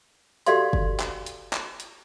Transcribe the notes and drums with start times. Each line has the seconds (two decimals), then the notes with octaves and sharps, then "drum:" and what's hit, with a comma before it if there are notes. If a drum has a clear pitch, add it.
0.46 F#4 G4 A4 D5 F5 C6, drum: hi-hat
0.73 drum: kick
1.00 drum: clap
1.26 drum: hi-hat
1.53 drum: clap
1.80 drum: hi-hat